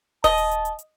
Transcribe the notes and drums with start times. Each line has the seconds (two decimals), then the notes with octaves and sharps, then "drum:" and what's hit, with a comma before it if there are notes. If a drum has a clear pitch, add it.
0.24 D#5 A5, drum: kick D#1, open hi-hat
0.38 drum: hi-hat
0.51 drum: hi-hat
0.65 drum: hi-hat
0.79 drum: hi-hat